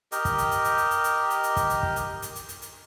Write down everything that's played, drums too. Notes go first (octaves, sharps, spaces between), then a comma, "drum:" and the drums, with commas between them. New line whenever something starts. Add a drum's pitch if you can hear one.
G4 A#4 D#5, drum: hi-hat
drum: kick, hi-hat
drum: hi-hat
drum: hi-hat
drum: hi-hat
drum: hi-hat
drum: hi-hat
drum: hi-hat
drum: hi-hat
drum: hi-hat
drum: kick, hi-hat
drum: hi-hat
drum: kick
drum: hi-hat
drum: hi-hat
drum: hi-hat
drum: hi-hat
drum: hi-hat